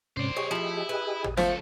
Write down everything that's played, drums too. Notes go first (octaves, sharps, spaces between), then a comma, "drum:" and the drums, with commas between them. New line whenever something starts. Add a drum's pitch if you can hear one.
G#2 C3 C#4 C5 D5
G4 G#4 C#5 D#5
F3 A3 E4
B4
drum: tom
C#2 F3 A3 A4, drum: snare